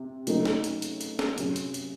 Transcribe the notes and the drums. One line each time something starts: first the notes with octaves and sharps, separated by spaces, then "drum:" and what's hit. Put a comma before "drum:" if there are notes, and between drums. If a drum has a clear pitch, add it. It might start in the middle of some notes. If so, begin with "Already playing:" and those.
Already playing: C3
C#3 F#3 A3 D#4 A4, drum: hi-hat
drum: snare
drum: hi-hat
drum: hi-hat
drum: hi-hat
drum: snare
C3 F#3 C#4 G#4, drum: hi-hat
drum: hi-hat
drum: hi-hat